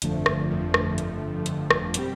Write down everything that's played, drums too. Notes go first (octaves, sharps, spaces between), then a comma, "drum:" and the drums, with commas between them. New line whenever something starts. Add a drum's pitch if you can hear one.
G1 F2 D3 F3 A3, drum: hi-hat
drum: rim click
G1 F2 D3 F3 A3
drum: rim click
G1 F2 D3 F3 A3, drum: hi-hat
G1 F2 D3 F3 A3, drum: hi-hat
drum: rim click
B2 G3 C4 G4, drum: hi-hat